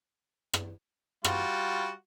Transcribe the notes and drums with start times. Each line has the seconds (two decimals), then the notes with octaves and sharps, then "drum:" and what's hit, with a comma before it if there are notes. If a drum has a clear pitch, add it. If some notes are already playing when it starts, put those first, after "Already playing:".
0.54 drum: rim click
1.24 G3 F4 F#4, drum: rim click